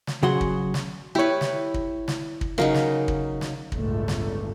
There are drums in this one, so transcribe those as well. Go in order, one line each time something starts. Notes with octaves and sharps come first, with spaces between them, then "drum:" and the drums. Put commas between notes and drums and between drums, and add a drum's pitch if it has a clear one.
drum: snare
C#3 F#3 F#4 G#4 F#5 C6
drum: kick
drum: snare
E4 G4 B4 C#5
drum: snare
drum: kick
drum: snare
drum: kick
C#3 F#3 D#4 A#4 F5
drum: snare
drum: kick
drum: snare
G1 C#2 A2 A3, drum: kick
drum: snare